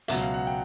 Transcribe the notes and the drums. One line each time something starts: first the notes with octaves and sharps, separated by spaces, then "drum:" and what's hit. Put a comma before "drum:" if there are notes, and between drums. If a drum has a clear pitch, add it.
C#2 B2 F#3 E5, drum: hi-hat
F5
F#5
G5